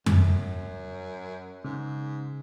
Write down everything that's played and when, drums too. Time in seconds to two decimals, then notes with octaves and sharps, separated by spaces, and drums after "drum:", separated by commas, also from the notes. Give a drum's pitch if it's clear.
0.06 F#2, drum: tom F2
1.64 G#2 C#3